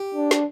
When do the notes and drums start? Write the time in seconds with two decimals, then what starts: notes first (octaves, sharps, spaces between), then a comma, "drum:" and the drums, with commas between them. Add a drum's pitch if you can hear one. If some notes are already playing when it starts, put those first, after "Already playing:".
Already playing: G4
0.14 D4
0.31 drum: snare